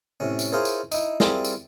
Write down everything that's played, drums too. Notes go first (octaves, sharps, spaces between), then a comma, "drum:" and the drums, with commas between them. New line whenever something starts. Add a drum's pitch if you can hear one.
A2 C3 C#4
drum: tambourine
E4 F4 G#4 A#4 C5 C#5
drum: tambourine
D#4 E4, drum: tambourine
G3 C4 E4 F4 G#4 A#4, drum: snare
drum: tambourine